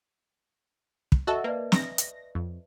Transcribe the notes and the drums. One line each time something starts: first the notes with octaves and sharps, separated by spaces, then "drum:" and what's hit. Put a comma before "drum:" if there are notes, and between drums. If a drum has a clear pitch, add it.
drum: kick
F#4 A4 D#5 E5 A5
A#3 B4 D5
A#6, drum: snare
drum: hi-hat
F2